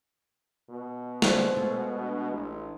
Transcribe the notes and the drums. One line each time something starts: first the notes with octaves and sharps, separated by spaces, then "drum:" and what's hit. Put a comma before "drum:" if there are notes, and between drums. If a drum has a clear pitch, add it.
B2
D3 C5, drum: snare
G#3 A3 F4
D4
A1